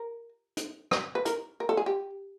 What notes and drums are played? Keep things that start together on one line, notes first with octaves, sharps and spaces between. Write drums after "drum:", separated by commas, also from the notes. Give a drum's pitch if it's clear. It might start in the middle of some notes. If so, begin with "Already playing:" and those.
Already playing: A#4
drum: hi-hat
drum: rim click
B4
A#4, drum: hi-hat
A#4
A4
G#4
G4